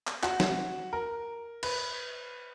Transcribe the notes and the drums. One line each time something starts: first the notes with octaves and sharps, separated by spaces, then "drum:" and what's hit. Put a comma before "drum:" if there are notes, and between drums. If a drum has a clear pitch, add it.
drum: clap
F#4, drum: clap
drum: snare
A#4
B4, drum: cymbal